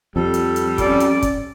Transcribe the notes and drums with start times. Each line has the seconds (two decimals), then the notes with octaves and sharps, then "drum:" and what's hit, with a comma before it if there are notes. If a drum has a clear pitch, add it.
0.16 F2 G3 A4
0.34 drum: hi-hat
0.56 drum: hi-hat
0.78 C#4 D5, drum: kick, hi-hat
1.00 drum: hi-hat
1.22 drum: kick, hi-hat